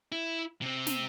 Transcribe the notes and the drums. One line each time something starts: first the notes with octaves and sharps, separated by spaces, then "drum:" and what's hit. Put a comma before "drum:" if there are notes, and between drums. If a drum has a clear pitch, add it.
E4
C3 C4
drum: snare